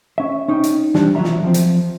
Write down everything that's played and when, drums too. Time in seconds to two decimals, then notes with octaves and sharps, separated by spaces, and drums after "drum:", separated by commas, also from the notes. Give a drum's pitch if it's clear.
0.18 C#4 E5
0.48 C#4 D#4 E5 G5
0.64 drum: hi-hat
0.94 E3 G3 D4, drum: snare
1.15 E3 F#3 D#4 F4 E5 A#5
1.24 drum: snare
1.43 F3 C4
1.54 drum: hi-hat